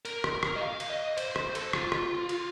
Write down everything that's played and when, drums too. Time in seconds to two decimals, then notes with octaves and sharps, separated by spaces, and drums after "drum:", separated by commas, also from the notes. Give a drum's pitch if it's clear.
0.05 A#4, drum: cymbal
0.24 drum: rim click
0.43 drum: rim click
0.56 D#5
0.61 F5
0.80 drum: cymbal
0.89 D#5
1.18 C5, drum: cymbal
1.36 C5, drum: rim click
1.55 A4, drum: cymbal
1.73 F4, drum: rim click
1.92 drum: rim click
2.29 drum: cymbal